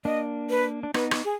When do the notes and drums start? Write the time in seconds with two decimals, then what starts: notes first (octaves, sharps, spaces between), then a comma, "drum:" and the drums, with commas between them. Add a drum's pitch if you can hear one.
0.05 A#3 D4 D#5
0.50 B4
0.83 D4
0.94 B3 D#4 B4, drum: rim click
1.11 drum: rim click
1.24 G#4